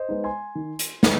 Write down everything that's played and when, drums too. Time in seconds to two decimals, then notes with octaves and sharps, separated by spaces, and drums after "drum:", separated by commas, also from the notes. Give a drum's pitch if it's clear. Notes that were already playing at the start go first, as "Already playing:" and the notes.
Already playing: C5 D#5
0.09 G#3 B3 D#4
0.24 G#5 C6
0.55 D#3
0.79 drum: hi-hat
1.03 G#3 B3 D#4, drum: snare